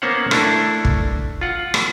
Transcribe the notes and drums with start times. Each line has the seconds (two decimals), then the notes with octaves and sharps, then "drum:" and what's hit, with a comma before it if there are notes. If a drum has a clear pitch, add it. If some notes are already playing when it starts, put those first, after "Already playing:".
0.02 A#3 B3 C#4 C5 C#5 F#5
0.31 A3 D4 E4 A4 A#4, drum: rim click
0.85 drum: kick
1.41 F4 F#5
1.74 drum: rim click